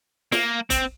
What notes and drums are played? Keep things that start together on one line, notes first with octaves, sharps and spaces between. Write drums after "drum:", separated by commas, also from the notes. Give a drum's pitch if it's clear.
A#3, drum: snare
C4, drum: kick, hi-hat